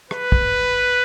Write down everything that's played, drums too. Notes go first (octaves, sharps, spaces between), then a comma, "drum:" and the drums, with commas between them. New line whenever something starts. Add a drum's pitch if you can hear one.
B4, drum: rim click
drum: kick